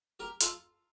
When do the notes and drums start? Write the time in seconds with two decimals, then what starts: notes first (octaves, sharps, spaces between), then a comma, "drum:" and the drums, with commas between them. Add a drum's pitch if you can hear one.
0.20 G4 A#4
0.41 F4 A4, drum: hi-hat